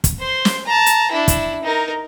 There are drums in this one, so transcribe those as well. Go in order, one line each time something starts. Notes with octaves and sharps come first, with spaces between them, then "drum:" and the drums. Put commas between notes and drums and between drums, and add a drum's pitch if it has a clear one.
drum: kick, hi-hat
C5 C6
drum: snare
A5 A#5
drum: hi-hat
D4 E4
drum: kick, hi-hat
D#4 A#4